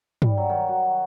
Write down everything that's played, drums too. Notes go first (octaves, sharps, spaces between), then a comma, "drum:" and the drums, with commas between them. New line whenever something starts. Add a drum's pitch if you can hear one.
G3, drum: tom
F#3
D#3
F#4